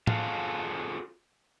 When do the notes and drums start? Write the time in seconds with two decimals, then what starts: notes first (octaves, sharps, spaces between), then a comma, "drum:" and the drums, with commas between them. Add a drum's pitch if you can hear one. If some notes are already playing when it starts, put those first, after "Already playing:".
0.07 F4 F#4 G#4 A4 F5, drum: tom